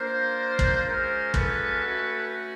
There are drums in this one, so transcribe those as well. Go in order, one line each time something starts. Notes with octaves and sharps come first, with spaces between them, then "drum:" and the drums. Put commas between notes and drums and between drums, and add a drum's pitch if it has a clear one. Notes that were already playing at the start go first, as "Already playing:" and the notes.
Already playing: A#3 D4 F4 A#4 C5
drum: kick
G#3 C#4 F4 A#4 C5
A4 B4, drum: kick
A3 C#4 F#4